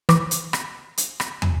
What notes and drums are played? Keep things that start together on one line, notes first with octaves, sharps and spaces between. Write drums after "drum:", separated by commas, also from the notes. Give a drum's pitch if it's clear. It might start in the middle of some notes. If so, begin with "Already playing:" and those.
E3 C#6 D6, drum: rim click
drum: hi-hat
drum: rim click
drum: hi-hat
drum: rim click
drum: tom